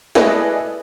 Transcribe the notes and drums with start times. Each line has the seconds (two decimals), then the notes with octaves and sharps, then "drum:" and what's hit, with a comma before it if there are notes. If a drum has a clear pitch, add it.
0.15 E4 G#4 A4 B4 D5 D#5, drum: snare